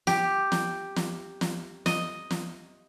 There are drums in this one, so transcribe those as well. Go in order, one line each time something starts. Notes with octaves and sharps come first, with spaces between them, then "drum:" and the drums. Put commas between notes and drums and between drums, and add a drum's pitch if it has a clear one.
G4, drum: snare
drum: snare
drum: snare
drum: snare
D#5, drum: snare
drum: snare